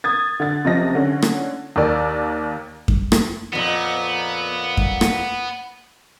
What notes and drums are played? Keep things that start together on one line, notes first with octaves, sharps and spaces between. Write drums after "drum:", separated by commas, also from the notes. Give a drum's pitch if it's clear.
D#6 G#6 A6
D3 A6
F#1 C3 F3 D#5 A#6
D3 C#4
drum: rim click
D#2 A#4 D5 E6
drum: kick F#2
drum: rim click
F2 A#2 B3
drum: kick F#2
drum: rim click